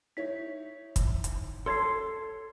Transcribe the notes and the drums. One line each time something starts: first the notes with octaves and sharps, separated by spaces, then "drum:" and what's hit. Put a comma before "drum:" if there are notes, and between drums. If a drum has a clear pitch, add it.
D#4 E4 C#5 B6
drum: kick, hi-hat
drum: hi-hat
A4 C#5 A5 C6 G#6 C7